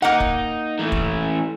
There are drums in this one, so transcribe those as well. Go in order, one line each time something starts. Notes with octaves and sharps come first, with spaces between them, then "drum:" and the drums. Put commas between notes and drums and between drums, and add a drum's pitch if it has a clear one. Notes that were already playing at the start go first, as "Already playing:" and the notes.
A#3 D#4 F#5
drum: kick
E3 A3
drum: kick